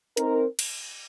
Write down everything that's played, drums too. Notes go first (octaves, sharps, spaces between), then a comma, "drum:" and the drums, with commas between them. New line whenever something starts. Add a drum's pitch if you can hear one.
C4 D#4 A#4, drum: hi-hat
drum: cymbal